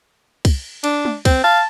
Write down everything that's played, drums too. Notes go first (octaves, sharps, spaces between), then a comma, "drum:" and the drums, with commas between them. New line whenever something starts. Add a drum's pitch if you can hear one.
drum: kick C2, cymbal
D4, drum: cymbal
drum: tom
C4, drum: kick C2, cymbal
F5 A5